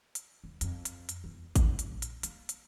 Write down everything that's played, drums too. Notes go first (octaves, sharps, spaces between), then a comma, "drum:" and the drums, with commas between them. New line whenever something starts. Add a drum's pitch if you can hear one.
drum: hi-hat
D#2
F2, drum: hi-hat
drum: hi-hat
drum: hi-hat
E2
C#3 C#4, drum: kick G#1, hi-hat
drum: hi-hat
A#1
drum: hi-hat
A#3, drum: hi-hat
drum: hi-hat